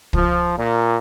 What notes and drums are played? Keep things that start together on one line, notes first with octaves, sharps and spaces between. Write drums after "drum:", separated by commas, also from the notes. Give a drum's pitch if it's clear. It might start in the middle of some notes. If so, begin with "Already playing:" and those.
F3, drum: kick
A#2